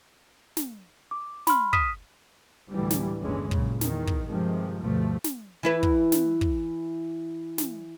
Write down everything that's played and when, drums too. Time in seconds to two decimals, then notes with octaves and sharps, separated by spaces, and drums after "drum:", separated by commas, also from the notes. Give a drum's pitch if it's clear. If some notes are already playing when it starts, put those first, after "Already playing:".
0.57 drum: snare
1.11 D6
1.47 B5 C6 F6, drum: snare
1.73 D#6 F6 B6 D#7 E7, drum: kick
2.73 D2 A2 D3 E3 G3
2.90 drum: snare
3.20 G1 D#2 D3 E3 G#3 C#4
3.51 F#2 A#2 C#3, drum: kick
3.81 E2 D#3, drum: snare
4.07 drum: kick
4.27 G2 C3 D#3 F3 G#3
4.81 D2 G2 B2 F3 A3
5.24 drum: snare
5.63 E3 E4 B4
5.83 drum: kick
6.12 drum: snare
6.41 drum: kick
7.58 drum: snare